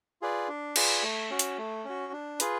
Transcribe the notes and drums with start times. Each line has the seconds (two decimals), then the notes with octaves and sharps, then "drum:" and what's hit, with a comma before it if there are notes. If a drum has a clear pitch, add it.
0.22 F4 G#4 B4 D5
0.48 D4
0.76 F4 G#4 B4 D5, drum: cymbal
1.03 A3
1.30 C#4 F#4
1.39 drum: hi-hat
1.58 A3
1.85 C#4 F#4
2.13 D4
2.40 F4 G#4 B4, drum: hi-hat